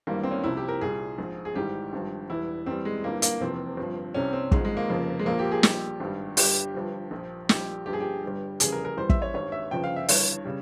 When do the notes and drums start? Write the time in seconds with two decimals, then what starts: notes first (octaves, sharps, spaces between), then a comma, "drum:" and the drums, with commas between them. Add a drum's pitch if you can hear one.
0.07 G#1 G2 E3 G3 A#3
0.23 C4
0.31 C#4
0.44 C2 C3 F3 E4
0.57 G4
0.69 A#4
0.81 C2 A#2 G3 G#4
1.18 A#1 G#2 F3
1.45 G#4
1.55 G#1 G#2 E3 G3 G4
1.93 G#1 G2 F3
2.30 E1 E2 E3 G3 E4
2.66 E2 E3 G3 C4
2.85 G#3
3.04 G1 G2 E3 G3 A#3
3.22 A#3, drum: hi-hat
3.41 F1 E2 C3 F3 C4
3.77 G1 G2 F3
4.14 C2 C3 G3 C#4
4.33 C4
4.51 G#1 G#2 F3 G#3, drum: kick
4.65 G#3
4.77 A#3
4.89 F1 F2 C#3
5.19 G#3
5.26 A#1 A#2 F3 A#3
5.39 G4
5.52 G#4
5.63 A#1 A#2 G3 G4, drum: snare
6.00 G#1 G2 G3
6.37 G1 G2 G3 G4, drum: open hi-hat
6.74 G1 G2 F3
7.11 A#1 A#2 F3
7.49 A#1 A#2 G3 G4, drum: snare
7.86 G1 G2 F3 G4
7.93 G#4
8.00 G4
8.23 G1 G2 G3
8.60 F1 E2 C#3 G3 G#4, drum: hi-hat
8.72 A#4
8.85 A#4
8.97 E2 E3 G3 C5
9.10 E5, drum: kick
9.22 C#5
9.34 G#1 G2 G3 C#5
9.52 E5
9.71 G1 F2 C#3 F3 G5
9.84 F5
9.96 E5
10.09 G1 G2 E3 C#5, drum: open hi-hat
10.45 C#3 G3